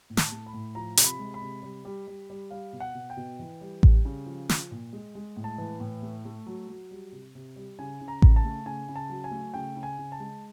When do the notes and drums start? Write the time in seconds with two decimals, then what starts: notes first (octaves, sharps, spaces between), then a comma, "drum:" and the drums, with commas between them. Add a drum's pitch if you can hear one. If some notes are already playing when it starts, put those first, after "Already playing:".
0.10 A2
0.17 A5, drum: snare
0.32 A3
0.46 B5
0.53 A2
0.75 F3 A#5
0.97 C3, drum: hi-hat
1.04 B5
1.19 G#3
1.34 B5
1.42 C3
1.63 G3
1.85 G3
2.07 G3
2.30 G3
2.51 G3 F5
2.73 B2
2.80 F#5
2.94 B2
3.10 G5
3.17 B2
3.39 E3
3.61 G3
3.83 G3, drum: kick A1
4.05 C#3
4.26 F3
4.49 F3, drum: snare
4.71 A#2
4.93 G#3
5.15 G#3
5.36 A2
5.44 A5
5.58 E3
5.80 A2
6.03 A3
6.25 A3
6.46 F#3
6.68 F#3
6.91 G3
7.12 C3
7.35 C3
7.56 G3
7.79 C#3 G#5
8.01 C#3
8.08 A#5
8.22 C#3, drum: kick A1
8.36 A5
8.44 A3
8.66 C#3 G#5
8.88 C#3
8.96 A5
9.09 F#3
9.24 G#5
9.31 A3
9.54 C#3 G5
9.76 C#3
9.83 G#5
9.98 C#3
10.12 A5
10.20 G#3